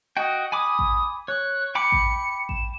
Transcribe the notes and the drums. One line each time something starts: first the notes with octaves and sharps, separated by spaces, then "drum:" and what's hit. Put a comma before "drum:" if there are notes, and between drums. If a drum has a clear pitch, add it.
F#4 D#5 G5
G#5 B5 D6 D#6
drum: kick A1
C#5 F#6
G5 B5 D6 C#7
drum: kick A1
E7, drum: kick A1